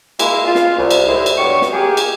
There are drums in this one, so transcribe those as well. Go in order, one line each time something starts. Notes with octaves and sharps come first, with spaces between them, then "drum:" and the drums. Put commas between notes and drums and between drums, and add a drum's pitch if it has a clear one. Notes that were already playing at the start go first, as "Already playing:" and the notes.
G#3 A#3 E4, drum: cymbal
F4
drum: snare
C2
drum: cymbal
D#2 A2 G3 G#3 E4 C5
drum: cymbal
E2 G2 F#3 G3 C#6
drum: snare
A#3 G4 G#4
drum: cymbal